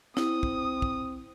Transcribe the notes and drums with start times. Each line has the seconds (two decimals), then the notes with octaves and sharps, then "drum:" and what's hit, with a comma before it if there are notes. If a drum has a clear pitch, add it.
0.17 C4 E4 D#6, drum: snare
0.43 drum: kick
0.82 drum: kick